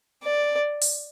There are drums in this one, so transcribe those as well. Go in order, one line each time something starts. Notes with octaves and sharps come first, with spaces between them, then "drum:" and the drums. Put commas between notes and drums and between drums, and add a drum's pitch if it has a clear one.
D5
drum: open hi-hat